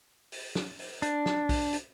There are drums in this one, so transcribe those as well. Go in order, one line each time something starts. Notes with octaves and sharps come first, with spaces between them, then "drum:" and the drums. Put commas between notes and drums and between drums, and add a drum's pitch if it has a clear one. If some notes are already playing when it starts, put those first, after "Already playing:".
drum: open hi-hat
drum: snare
drum: open hi-hat
D4, drum: hi-hat
drum: snare
drum: kick B1, open hi-hat
drum: hi-hat